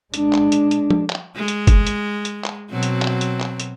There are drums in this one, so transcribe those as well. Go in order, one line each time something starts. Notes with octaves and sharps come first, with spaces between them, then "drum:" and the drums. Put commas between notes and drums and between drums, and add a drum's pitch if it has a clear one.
G#3 D4, drum: hi-hat
drum: clap
drum: hi-hat
drum: hi-hat
drum: tom F3
drum: clap
G#3
drum: hi-hat
drum: kick F#1, hi-hat
drum: hi-hat
drum: hi-hat
drum: clap
B2 F#3 C4
drum: hi-hat
drum: clap
drum: hi-hat
drum: clap
drum: hi-hat